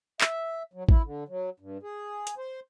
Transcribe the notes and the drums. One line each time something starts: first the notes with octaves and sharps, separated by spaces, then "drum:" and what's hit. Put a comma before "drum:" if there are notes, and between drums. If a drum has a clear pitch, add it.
E5, drum: clap
F#3
E4, drum: kick
D3
F#3
G2
G#4
drum: hi-hat
C5